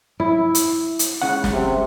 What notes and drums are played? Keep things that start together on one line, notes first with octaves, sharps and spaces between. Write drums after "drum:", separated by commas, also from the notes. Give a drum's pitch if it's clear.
E4
drum: hi-hat
drum: hi-hat
C#2 C#3 F#5
drum: snare
C3